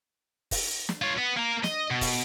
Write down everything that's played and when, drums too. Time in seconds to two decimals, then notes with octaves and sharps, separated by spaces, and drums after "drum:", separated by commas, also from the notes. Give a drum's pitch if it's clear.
0.51 drum: kick, open hi-hat
0.89 drum: snare
1.02 F4 C#5
1.18 B3
1.37 A#3 A#4
1.64 D#5, drum: snare
1.91 B2
2.01 drum: kick, open hi-hat